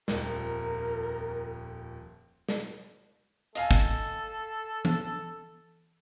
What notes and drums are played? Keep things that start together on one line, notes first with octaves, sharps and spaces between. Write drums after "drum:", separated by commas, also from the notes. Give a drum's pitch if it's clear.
D#1 F2 A#4, drum: snare
drum: snare
A4 D#5 F5 G#5, drum: hi-hat
drum: kick
drum: tom E3